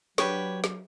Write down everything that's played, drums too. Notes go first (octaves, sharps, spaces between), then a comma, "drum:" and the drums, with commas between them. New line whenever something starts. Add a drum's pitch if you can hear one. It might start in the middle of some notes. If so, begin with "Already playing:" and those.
F#3 D4 G4 B4 C#5, drum: snare
drum: snare